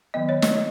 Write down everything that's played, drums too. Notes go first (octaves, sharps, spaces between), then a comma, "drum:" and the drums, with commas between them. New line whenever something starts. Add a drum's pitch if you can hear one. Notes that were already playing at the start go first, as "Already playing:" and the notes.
D#3 F#3 B3 D#5
C#5
D#5, drum: snare